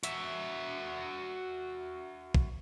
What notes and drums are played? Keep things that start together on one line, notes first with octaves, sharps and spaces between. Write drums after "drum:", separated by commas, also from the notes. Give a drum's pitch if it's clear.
F#4 E5, drum: hi-hat
drum: kick